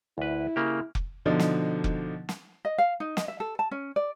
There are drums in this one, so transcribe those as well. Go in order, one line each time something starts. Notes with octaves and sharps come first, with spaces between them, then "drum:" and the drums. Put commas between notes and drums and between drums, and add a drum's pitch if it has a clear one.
D2 E4 B4
C#3 A#3 G4
drum: kick F1
B2 D3 F3 D4 D#4
drum: snare
drum: kick F1
drum: snare
D#5
F5
D#4
D#5, drum: snare
E5
A4
A5
C#4
D5